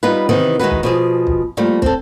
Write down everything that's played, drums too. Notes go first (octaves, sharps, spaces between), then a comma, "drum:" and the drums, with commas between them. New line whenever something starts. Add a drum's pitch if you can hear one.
G3 B3 D#4 F4 B4
C3 D#3 E3 B3
D#3 G#3 E4 F#4 B4
drum: kick
B2 F3 G#4
drum: kick
F3 G3 A3 A#3
C4 A4, drum: kick